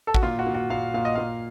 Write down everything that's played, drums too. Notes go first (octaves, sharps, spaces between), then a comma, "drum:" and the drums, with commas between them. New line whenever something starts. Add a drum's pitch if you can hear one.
A4
F#4, drum: kick A1
A#2 F4
F#4
A#2
F#4
A#2 F5
A#2 F5
D#5
A#2 F5